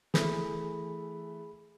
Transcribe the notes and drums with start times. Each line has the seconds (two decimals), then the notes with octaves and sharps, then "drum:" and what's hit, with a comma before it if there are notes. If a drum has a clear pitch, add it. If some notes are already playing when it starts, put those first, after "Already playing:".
0.14 E3 A3 G#4 B5, drum: snare